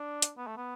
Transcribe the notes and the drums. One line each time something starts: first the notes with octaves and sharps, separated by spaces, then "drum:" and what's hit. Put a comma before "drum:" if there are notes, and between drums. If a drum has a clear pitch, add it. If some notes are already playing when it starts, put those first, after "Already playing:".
Already playing: D4
drum: hi-hat
B3
A3
B3